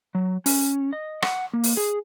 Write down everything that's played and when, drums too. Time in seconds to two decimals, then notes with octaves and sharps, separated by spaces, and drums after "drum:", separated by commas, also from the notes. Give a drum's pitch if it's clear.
0.15 F#3
0.46 C#4, drum: open hi-hat
0.93 D#5
1.22 F#5, drum: rim click
1.53 A#3
1.64 drum: open hi-hat
1.77 G#4